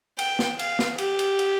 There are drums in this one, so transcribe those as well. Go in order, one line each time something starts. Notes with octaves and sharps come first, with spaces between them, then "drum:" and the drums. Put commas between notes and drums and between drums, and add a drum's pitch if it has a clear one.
G5, drum: cymbal
drum: snare
F5, drum: cymbal
drum: snare
G4, drum: cymbal
drum: cymbal
drum: cymbal